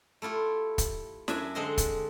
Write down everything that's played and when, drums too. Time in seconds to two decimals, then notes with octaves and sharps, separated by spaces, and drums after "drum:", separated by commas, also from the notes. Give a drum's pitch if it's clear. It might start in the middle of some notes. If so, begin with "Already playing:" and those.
0.22 A3 E4 F4 G4
0.78 drum: kick, hi-hat
1.28 F#2 D4 E5 G#5, drum: snare
1.55 D3 G#3 C4 C5 D#5 C6
1.78 drum: kick, hi-hat